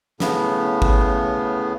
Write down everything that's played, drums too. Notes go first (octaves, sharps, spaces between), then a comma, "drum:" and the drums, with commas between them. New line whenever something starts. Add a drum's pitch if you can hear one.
A2 C#3 B3, drum: snare
drum: kick G#1